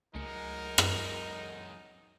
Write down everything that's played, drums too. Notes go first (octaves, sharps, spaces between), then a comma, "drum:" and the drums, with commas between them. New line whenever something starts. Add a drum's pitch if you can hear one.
C#2 F#2 G#3 A3 D#4 A#4 C#7
drum: rim click